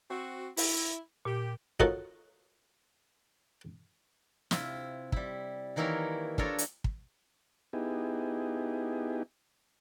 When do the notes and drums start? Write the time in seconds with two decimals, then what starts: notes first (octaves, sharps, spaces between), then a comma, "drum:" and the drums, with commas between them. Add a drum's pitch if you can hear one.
0.10 C4 F#4
0.57 E4, drum: open hi-hat
1.25 A#2 G4
1.80 D#4 F4 F#4 A4 A#4 C#5, drum: kick
4.51 C3 E4 F4, drum: snare
5.12 G3 E4, drum: kick
5.76 D#3 E3 A#3 E4 A#4 C#5
6.38 D4 F4 A4 A#4 C#5, drum: kick
6.58 drum: hi-hat
6.84 drum: kick
7.73 B3 D#4 E4 G4 G#4